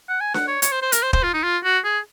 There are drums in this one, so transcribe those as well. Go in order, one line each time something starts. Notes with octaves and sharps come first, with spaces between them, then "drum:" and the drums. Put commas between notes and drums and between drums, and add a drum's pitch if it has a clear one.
F#5
G#5
F#5, drum: snare D4
C#5
C#5, drum: hi-hat
C5
C5
A#4, drum: hi-hat
C5
C5, drum: kick
F4
D#4
F4
F#4
G#4